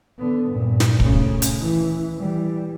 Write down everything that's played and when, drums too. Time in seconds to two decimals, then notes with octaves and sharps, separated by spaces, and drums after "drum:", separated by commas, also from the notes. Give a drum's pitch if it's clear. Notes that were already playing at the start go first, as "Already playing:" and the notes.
0.18 D3 B3
0.50 G2 A#2
0.80 drum: snare
1.00 D2 C#3, drum: kick
1.42 drum: hi-hat
1.60 E3
2.17 E3 G3